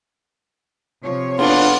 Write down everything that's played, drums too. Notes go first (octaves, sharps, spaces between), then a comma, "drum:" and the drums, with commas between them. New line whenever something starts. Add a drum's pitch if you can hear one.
C3 F3 C#5
B3 D4 F4, drum: cymbal